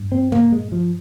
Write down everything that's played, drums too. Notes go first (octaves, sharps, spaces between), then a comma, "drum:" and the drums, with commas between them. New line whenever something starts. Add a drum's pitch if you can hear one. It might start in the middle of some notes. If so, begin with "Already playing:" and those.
Already playing: G2
C4
A#3, drum: tom
G#3
F3